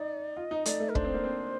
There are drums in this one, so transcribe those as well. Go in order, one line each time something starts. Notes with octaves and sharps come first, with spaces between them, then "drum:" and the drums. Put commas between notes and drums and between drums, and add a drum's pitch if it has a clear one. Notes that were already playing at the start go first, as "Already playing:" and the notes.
Already playing: D#4 D5
F4 D#5
D#4
A3 D5, drum: hi-hat
A3
A#4
D4 C5, drum: kick
C4
A#3
C4